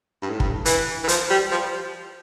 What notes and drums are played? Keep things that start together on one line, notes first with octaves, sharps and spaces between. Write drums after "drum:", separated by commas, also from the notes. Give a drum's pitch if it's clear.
G2
A2
G2, drum: kick
E3, drum: hi-hat
E3
F3, drum: hi-hat
G3
F3